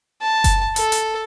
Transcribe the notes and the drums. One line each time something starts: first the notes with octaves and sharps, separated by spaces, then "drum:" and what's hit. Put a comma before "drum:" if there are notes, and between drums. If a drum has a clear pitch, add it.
A5
drum: kick F#1, hi-hat
A4, drum: hi-hat
drum: hi-hat